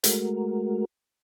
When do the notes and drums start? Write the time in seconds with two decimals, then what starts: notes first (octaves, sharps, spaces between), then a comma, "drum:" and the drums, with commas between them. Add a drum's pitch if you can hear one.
0.04 G#3 A3 F#4 A#4, drum: hi-hat